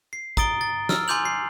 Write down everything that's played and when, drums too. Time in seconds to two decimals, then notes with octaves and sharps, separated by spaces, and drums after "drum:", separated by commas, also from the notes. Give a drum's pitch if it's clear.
0.13 C7
0.37 A#5 D#6 A6 D7 G7, drum: kick
0.61 A6
0.89 E6 F6, drum: snare
1.08 G#5 C6 D6 G6 F7 F#7
1.25 C7